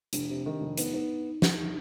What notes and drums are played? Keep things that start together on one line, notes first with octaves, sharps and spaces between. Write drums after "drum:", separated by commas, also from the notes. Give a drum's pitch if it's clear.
F1 D4, drum: hi-hat
C3
D#3
F1
B3 D#4, drum: hi-hat
B3 D#4
drum: snare